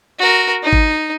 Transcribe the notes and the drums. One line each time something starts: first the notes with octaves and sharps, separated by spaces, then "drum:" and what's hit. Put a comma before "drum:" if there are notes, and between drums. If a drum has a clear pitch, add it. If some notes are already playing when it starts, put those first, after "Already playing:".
F#4 A#4
D#4
drum: kick G#1